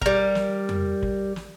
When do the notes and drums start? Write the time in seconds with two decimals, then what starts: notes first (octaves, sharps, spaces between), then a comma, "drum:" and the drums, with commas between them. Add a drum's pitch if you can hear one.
0.02 G3 A#4, drum: kick
0.35 drum: snare
0.69 drum: tom F2
1.02 drum: kick
1.36 drum: snare